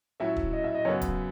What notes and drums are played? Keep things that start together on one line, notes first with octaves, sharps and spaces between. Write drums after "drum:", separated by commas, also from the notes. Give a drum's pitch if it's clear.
A2 F#3 C#4 E4 E5
drum: kick
D#5
E5
D#5
F#2 C#3 F#3 B3 C#5
drum: kick, hi-hat